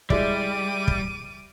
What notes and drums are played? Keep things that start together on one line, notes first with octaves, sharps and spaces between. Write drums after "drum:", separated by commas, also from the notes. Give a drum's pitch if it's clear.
G3 G#3 E4 D5 D6 D#7, drum: kick
drum: kick